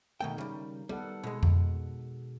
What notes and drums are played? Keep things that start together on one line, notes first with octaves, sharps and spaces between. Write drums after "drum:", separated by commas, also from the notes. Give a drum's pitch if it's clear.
B2 D#3 A3 A#4 G5
C#3 G3
G3 B3 A4 F#5
B2 G#3
drum: tom F2